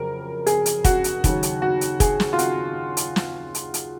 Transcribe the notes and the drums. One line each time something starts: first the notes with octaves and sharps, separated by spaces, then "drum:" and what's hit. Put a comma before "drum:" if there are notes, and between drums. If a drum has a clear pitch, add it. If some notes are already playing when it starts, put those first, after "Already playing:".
Already playing: F2 C#3 F#3 A#4
G#4, drum: hi-hat
drum: hi-hat
F#4, drum: kick, hi-hat
drum: hi-hat
D#2 C#3 F#3, drum: kick, hi-hat
drum: hi-hat
F#4
drum: hi-hat
G#4, drum: kick, hi-hat
drum: snare
F4
F#4, drum: hi-hat
drum: hi-hat
drum: snare
drum: hi-hat
drum: hi-hat